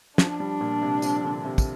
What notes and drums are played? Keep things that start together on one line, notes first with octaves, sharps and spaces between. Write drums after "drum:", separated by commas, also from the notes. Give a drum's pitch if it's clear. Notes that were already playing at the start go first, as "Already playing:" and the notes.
F3 D4, drum: snare
G3
A#2
C3
F3, drum: tambourine
D3
C3
drum: kick, tambourine